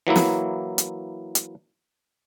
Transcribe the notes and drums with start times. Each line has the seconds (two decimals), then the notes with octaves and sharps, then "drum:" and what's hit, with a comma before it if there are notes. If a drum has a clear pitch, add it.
0.07 E3 F#3 A#3 E4
0.16 drum: snare
0.78 drum: hi-hat
1.35 drum: hi-hat